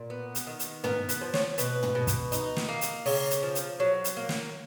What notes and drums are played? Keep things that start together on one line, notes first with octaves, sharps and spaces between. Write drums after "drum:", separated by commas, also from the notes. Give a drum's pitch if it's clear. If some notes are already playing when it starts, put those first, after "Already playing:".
Already playing: A#2
B3
drum: hi-hat
D#3
drum: hi-hat
B3 A#4, drum: tom
B4, drum: hi-hat
F3
C#5, drum: snare
B2 B4, drum: hi-hat
drum: tom
B2
drum: kick, hi-hat
D#4, drum: hi-hat
drum: snare
A#3
drum: hi-hat
C#3, drum: open hi-hat
drum: hi-hat
F3
drum: hi-hat
F#3
drum: hi-hat
A#3
drum: snare